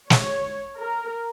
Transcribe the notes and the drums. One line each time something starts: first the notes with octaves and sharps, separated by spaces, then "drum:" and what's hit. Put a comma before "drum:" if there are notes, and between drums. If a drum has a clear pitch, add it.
C#5, drum: snare
A#4